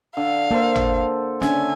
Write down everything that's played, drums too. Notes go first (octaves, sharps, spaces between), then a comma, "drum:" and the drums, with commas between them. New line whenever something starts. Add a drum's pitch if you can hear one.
D3 F5
A#3 A4 A#4 C5
drum: tom
C#4 D4 E5 G#5, drum: snare